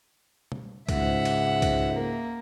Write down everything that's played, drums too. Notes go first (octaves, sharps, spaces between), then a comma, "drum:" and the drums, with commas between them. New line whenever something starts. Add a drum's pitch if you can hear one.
drum: tom
C#2 G#2 E5 F#5, drum: kick C2, cymbal
drum: cymbal
drum: kick C2, cymbal
A#3